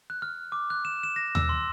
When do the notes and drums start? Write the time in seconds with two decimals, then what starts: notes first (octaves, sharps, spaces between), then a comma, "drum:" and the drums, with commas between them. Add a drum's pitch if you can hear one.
0.10 F#6
0.22 F6
0.52 D6
0.70 F#6
0.85 E7
1.03 E7
1.16 A#6
1.35 E6, drum: tom D#2
1.49 C6